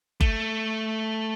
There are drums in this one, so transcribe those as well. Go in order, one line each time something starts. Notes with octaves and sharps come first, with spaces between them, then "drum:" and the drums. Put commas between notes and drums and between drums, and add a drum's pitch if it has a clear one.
A3, drum: kick F#1